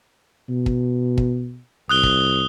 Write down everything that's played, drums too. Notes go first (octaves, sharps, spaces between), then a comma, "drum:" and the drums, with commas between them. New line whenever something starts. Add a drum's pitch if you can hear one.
B2
drum: kick
drum: kick
C2 D#6 F#6 G7
drum: kick